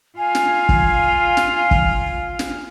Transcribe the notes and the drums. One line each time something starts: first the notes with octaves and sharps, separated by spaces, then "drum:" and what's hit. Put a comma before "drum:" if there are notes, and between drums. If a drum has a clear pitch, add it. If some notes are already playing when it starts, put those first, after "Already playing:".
F4 F5 G#5
drum: snare
drum: kick F#1
drum: snare
drum: kick F#1
drum: snare